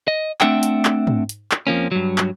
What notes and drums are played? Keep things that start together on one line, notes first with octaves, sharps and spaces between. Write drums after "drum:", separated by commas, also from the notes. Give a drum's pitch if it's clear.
D#5
A3 C4 D4 E5 F#5 G5, drum: clap
drum: hi-hat
drum: clap
drum: tom G#2
drum: hi-hat
drum: clap
F2 F3 A#3 C#4
G2 F#3
drum: clap